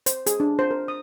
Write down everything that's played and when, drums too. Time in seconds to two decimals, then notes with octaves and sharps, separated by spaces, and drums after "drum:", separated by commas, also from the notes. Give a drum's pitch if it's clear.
0.06 C5, drum: hi-hat
0.26 G#4, drum: hi-hat
0.40 D4
0.59 C5
0.71 A#4
0.88 D#6